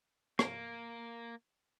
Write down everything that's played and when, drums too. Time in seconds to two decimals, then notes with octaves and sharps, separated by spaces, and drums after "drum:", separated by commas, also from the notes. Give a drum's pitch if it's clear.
0.39 A#3, drum: rim click